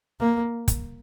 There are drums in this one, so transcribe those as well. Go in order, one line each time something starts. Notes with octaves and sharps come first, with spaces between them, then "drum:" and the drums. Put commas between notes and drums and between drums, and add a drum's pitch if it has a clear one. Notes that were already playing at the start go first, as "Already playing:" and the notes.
A#3
drum: kick, hi-hat